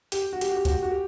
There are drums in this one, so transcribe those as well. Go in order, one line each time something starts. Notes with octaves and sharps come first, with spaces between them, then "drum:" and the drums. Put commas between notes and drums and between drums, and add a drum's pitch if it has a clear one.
G4, drum: hi-hat
F#4
G4, drum: hi-hat
F#4
G4
F#4, drum: kick, hi-hat
G4
F#4
G4